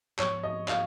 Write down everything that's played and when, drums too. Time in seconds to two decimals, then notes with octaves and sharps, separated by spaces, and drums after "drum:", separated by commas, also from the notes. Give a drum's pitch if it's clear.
0.19 G#2 F3 B3 C#5, drum: clap
0.43 D#5
0.68 F5, drum: clap